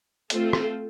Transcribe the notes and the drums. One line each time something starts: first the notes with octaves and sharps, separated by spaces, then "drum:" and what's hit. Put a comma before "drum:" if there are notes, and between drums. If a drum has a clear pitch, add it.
A3 C4 F4 A4, drum: hi-hat
drum: rim click